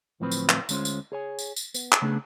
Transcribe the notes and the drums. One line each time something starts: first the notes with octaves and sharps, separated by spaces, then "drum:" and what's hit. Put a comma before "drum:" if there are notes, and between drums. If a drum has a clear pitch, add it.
D2 A2 F3 F#3 C4 B4
drum: tambourine
drum: clap
D2 G#3 C#4 F4 C5, drum: tambourine
drum: tambourine
G#4 C#5 G#5
drum: tambourine
drum: tambourine
B3, drum: tambourine
drum: clap
C#3 A3 B3 D4 G#4